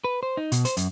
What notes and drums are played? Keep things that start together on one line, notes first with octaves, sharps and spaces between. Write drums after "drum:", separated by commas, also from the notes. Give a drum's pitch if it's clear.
B4
C5
D#4
B2, drum: hi-hat
C5, drum: hi-hat
F#2, drum: hi-hat